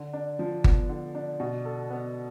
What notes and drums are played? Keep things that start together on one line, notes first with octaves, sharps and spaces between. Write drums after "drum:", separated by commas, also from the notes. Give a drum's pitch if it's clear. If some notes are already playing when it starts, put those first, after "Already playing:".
Already playing: D3
D4
F3
B3, drum: kick G1
D3
D4
B2
A4
B3